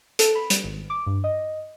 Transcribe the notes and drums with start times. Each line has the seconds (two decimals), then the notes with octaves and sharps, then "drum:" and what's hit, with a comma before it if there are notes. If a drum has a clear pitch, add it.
0.19 A4, drum: hi-hat
0.35 B5
0.50 G3, drum: hi-hat
0.64 G#1
0.90 D6
1.06 G2
1.24 D#5